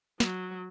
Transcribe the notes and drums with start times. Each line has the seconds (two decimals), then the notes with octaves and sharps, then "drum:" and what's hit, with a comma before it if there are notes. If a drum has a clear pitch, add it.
0.20 F#3, drum: snare